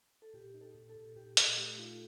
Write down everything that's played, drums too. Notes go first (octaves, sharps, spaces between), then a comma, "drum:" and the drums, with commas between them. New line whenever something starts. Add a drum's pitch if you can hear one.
A4
A#2 G4
D#4
A4
A#2
A4
A#2
A#2 G4
A#2 A4, drum: hi-hat
A4
A3 G4
D#4 F4